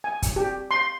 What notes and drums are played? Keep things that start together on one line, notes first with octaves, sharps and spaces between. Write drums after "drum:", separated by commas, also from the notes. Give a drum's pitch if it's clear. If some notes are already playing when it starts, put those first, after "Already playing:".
G#5
drum: kick, hi-hat
G4
C6